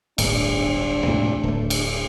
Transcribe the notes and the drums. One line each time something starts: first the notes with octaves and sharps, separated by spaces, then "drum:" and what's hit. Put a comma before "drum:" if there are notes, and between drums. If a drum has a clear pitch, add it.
D1 G1 D4, drum: cymbal
C#2 A2 C3
D1 A3
drum: cymbal